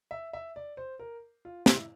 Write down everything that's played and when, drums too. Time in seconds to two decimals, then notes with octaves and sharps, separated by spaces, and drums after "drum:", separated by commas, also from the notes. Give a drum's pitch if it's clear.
0.11 E5
0.33 E5
0.56 D5
0.77 C5
0.99 A#4
1.45 F4
1.66 E4, drum: snare